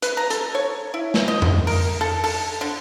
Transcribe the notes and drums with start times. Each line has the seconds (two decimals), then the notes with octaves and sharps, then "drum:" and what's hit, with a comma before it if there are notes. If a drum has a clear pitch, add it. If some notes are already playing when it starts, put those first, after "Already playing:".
0.02 B4, drum: hi-hat
0.17 A#5
0.30 A4, drum: hi-hat
0.55 C#5
0.94 E4
1.14 drum: snare
1.28 D#5
1.42 drum: tom F2
1.67 A#4, drum: open hi-hat
2.01 A4
2.24 A4, drum: open hi-hat
2.61 D3